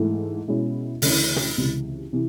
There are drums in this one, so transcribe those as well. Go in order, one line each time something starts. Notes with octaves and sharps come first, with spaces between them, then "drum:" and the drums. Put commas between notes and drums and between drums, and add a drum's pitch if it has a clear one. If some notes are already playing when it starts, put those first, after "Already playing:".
Already playing: G#2 E3 A3
B2 G#3 C#4 E4
D2 C#3 E3, drum: open hi-hat
drum: tom
C#2 C3 E3
C3 E3